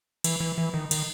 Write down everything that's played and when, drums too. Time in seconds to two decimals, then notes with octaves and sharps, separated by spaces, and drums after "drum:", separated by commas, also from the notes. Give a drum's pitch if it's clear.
0.24 E3, drum: cymbal
0.40 E3
0.58 E3
0.74 D#3
0.91 D#3, drum: cymbal